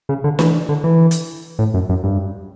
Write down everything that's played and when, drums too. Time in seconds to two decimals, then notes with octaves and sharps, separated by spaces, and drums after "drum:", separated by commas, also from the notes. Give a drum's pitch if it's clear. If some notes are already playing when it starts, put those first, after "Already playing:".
0.09 C#3
0.24 D3
0.39 E3, drum: snare D4
0.69 D3
0.84 E3
1.11 drum: hi-hat
1.59 A2
1.74 F#2
1.89 F#2
2.04 G2